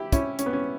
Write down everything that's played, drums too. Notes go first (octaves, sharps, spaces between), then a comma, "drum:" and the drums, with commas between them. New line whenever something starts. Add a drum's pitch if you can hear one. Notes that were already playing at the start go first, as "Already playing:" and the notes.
Already playing: E4 G4
C#4 E4, drum: kick, hi-hat
C#4, drum: hi-hat
B3
C#4